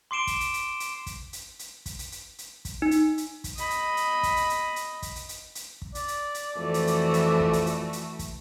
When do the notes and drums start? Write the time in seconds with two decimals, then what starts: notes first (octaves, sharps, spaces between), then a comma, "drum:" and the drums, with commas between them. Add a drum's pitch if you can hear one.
0.11 C6 D6 C7 D7 E7 G7
0.27 drum: kick, hi-hat
0.40 drum: hi-hat
0.54 drum: hi-hat
0.80 drum: hi-hat
1.06 drum: kick, hi-hat
1.33 drum: hi-hat
1.59 drum: hi-hat
1.86 drum: kick, hi-hat
1.99 drum: hi-hat
2.12 drum: hi-hat
2.38 drum: hi-hat
2.65 drum: kick, hi-hat
2.82 D#4
2.91 drum: hi-hat
3.18 drum: hi-hat
3.44 drum: kick, hi-hat
3.57 D#5 B5, drum: hi-hat
3.70 drum: hi-hat
3.97 drum: hi-hat
4.23 drum: kick, hi-hat
4.36 drum: hi-hat
4.50 drum: hi-hat
4.76 drum: hi-hat
5.02 drum: kick, hi-hat
5.16 drum: hi-hat
5.29 drum: hi-hat
5.55 drum: hi-hat
5.82 drum: kick
5.95 D5, drum: hi-hat
6.08 drum: hi-hat
6.34 drum: hi-hat
6.58 F2 E3 A3 F#4
6.74 drum: hi-hat
6.87 drum: hi-hat
7.14 drum: hi-hat
7.40 drum: kick
7.53 drum: hi-hat
7.66 drum: hi-hat
7.93 drum: hi-hat
8.19 drum: kick, hi-hat